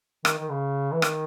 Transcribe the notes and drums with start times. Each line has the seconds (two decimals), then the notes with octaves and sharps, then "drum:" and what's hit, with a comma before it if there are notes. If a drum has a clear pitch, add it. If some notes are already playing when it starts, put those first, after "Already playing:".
0.25 D#3, drum: rim click
0.39 D#3
0.50 C#3
0.92 E3
1.02 D#3, drum: rim click